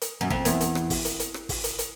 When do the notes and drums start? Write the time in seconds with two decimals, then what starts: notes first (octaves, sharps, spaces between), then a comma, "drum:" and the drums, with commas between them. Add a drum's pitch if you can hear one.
0.01 drum: hi-hat
0.21 F#2
0.30 F2, drum: kick
0.45 E2, drum: hi-hat
0.61 drum: hi-hat
0.75 drum: rim click
0.90 drum: kick, open hi-hat
1.05 drum: hi-hat
1.20 drum: hi-hat
1.34 drum: rim click
1.49 drum: kick, open hi-hat
1.64 drum: hi-hat
1.79 drum: hi-hat